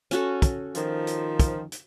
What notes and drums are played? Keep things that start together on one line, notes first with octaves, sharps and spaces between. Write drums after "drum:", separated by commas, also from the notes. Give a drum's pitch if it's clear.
C#4 F#4 A4, drum: hi-hat
drum: kick, hi-hat
D#3 F3, drum: hi-hat
drum: hi-hat
drum: kick, hi-hat
drum: hi-hat